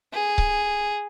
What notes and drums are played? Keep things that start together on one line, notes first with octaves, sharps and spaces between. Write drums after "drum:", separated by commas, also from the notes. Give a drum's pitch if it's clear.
G#4
drum: kick C#1